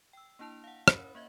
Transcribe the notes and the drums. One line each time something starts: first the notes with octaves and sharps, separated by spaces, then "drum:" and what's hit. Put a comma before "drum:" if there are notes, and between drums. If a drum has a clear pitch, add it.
G5 E6
A#3 D4 E4 A5 F7
F5 F#5
C#4 A#4 C#5 B5, drum: rim click
A#3 D#5 E5 G#6